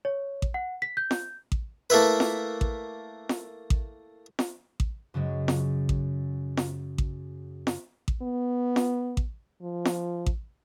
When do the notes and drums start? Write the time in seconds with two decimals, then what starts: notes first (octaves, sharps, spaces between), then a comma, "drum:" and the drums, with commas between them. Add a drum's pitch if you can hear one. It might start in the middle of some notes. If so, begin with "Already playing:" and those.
0.05 C#5
0.42 drum: kick A1
0.54 F#5
0.82 B6
0.97 G6
1.11 drum: snare
1.52 drum: kick A1
1.90 A3 A#3 E4 B4
2.20 drum: snare
2.61 drum: kick A1
3.29 drum: snare
3.70 drum: kick A1
4.39 drum: snare
4.80 drum: kick A1
5.14 F#2 C#3 F#3 G#3
5.48 drum: snare
5.89 drum: kick A1
6.57 drum: snare
6.98 drum: kick A1
7.67 drum: snare
8.08 drum: kick A1
8.22 B3
8.76 drum: snare
9.17 drum: kick A1
9.62 F3
9.85 drum: snare
10.26 drum: kick A1